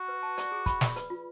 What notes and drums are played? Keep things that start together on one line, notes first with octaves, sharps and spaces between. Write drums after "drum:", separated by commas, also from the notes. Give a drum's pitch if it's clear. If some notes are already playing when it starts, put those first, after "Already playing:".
Already playing: F#4
B4
A5
D5, drum: hi-hat
G#4
B5, drum: kick, hi-hat
D5, drum: snare
B4, drum: hi-hat
F4